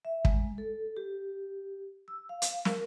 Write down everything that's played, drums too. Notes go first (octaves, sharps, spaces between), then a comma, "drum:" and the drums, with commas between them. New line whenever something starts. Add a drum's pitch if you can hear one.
E5
G#3, drum: kick
A4
G4
E6
F5
drum: hi-hat
A#4, drum: snare